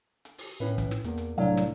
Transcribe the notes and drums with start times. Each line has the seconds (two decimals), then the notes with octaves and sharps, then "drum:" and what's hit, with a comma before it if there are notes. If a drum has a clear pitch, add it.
0.25 drum: hi-hat
0.38 drum: open hi-hat
0.60 A2 C#4 E4 B4
0.78 drum: kick, hi-hat
0.91 drum: snare
1.04 E2 A#3, drum: hi-hat
1.18 drum: hi-hat
1.38 C2 A2 F#3 D4 F5
1.57 drum: snare